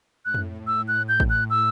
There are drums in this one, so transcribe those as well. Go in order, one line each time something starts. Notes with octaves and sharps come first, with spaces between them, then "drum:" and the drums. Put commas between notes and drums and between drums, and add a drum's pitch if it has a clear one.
A2 F#6
drum: tom F2
E6
F#6
G6
drum: kick A1
F#6
E6